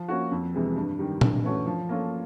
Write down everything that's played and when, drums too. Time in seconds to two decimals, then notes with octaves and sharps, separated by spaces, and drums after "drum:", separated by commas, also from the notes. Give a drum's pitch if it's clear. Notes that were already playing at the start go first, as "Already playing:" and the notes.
Already playing: F3
0.08 A#3 C#4 F#4
0.31 F2
0.54 C3 E3 G#3 B3
0.76 G2
0.99 D#3 G3
1.21 G2, drum: tom A#2
1.43 E3 A3 C#4 F#4
1.66 F3
1.89 A#3 C#4 F4 A4